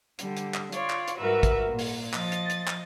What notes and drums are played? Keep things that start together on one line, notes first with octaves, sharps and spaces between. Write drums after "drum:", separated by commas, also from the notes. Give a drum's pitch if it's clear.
D3 G3, drum: hi-hat
drum: hi-hat
drum: clap
F4 C#5 D5, drum: hi-hat
drum: clap
drum: hi-hat
G#2 G3 F#4 A#4 B4 E5
drum: kick, hi-hat
A#2
drum: open hi-hat
F3 D#5 A6, drum: clap
drum: hi-hat
drum: hi-hat
drum: clap